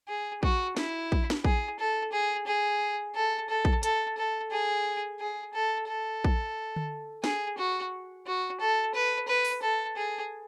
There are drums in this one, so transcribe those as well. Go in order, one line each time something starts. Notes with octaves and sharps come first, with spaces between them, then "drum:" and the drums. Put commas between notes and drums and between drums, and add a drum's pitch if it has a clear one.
G#4
F#4, drum: kick A#1
E4, drum: snare
drum: kick A#1
drum: snare
G#4, drum: kick A#1
A4
G#4
G#4
A4
A4
drum: kick A#1
A4, drum: hi-hat
A4
G#4
G#4
A4
A4
drum: kick A#1
drum: tom D3
G#4, drum: snare
F#4
F#4
A4
B4
B4
drum: open hi-hat
A4
G#4